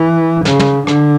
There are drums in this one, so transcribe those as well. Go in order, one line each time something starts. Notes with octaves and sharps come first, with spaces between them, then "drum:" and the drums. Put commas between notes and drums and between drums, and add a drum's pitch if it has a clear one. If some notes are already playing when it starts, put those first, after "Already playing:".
Already playing: E3
C#3, drum: snare
drum: tom
D3, drum: rim click